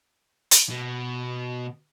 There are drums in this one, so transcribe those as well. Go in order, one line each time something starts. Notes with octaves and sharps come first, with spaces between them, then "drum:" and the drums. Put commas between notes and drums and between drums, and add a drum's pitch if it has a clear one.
drum: hi-hat
B2